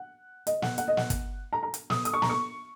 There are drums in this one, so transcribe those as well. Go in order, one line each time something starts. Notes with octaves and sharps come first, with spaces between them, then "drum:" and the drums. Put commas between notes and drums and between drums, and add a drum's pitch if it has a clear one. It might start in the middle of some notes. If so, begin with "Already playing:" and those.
Already playing: F#5
D#5, drum: hi-hat
F#5, drum: snare
F#5, drum: hi-hat
D#5
F#5, drum: snare
drum: kick, hi-hat
A#5
A#5
drum: hi-hat
D#6, drum: snare
D#6, drum: hi-hat
C#6
A#5, drum: snare
C#6